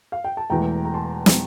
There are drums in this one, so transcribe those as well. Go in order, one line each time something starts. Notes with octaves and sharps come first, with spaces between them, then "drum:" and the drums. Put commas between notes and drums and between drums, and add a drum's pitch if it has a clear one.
F5
G5
A5
E1 E2 E3 A3 G5 A#5
A#5
A5 C6
drum: snare